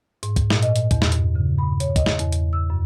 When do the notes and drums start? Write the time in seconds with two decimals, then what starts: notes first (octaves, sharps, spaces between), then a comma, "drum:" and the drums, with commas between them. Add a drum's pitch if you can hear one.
0.23 G#2, drum: hi-hat
0.36 drum: kick, hi-hat
0.50 A#2, drum: snare
0.62 D#5, drum: hi-hat
0.76 drum: hi-hat
0.91 E2, drum: kick, hi-hat
1.02 drum: snare
1.12 G2, drum: hi-hat
1.35 C#3
1.58 B5
1.80 C#5, drum: hi-hat
1.96 D#5, drum: kick, hi-hat
2.06 drum: snare
2.19 E2, drum: hi-hat
2.32 drum: hi-hat
2.53 E6
2.70 F#2